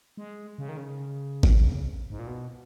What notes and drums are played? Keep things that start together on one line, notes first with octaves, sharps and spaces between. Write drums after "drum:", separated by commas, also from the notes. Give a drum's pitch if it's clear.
G#3
C#3
D#3
C#3
drum: kick G#1
G#2
A#2
B2